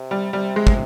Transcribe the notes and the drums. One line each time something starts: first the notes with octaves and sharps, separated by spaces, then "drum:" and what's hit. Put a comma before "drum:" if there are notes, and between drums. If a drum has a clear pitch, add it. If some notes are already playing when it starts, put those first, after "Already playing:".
Already playing: C3
G3
C3 G3
G#3
drum: kick